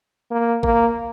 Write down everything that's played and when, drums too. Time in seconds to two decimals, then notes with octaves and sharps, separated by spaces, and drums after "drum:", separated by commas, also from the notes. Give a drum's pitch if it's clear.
0.31 A#3
0.63 A#3, drum: kick G#1